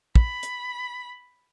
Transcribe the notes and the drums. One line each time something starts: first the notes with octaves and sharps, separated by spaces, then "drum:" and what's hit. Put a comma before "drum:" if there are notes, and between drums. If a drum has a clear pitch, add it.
B5, drum: kick
drum: hi-hat